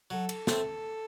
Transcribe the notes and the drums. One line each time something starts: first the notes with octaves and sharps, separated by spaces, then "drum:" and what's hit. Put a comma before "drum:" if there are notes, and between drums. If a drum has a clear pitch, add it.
F#3 A4
drum: cymbal
A3 C4, drum: snare